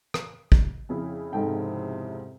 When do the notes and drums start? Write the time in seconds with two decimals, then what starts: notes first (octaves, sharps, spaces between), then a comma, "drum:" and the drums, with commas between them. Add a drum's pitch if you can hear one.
0.14 drum: rim click
0.52 drum: kick
0.89 F2 C#3 E4
1.33 G#2 C3 A4 G5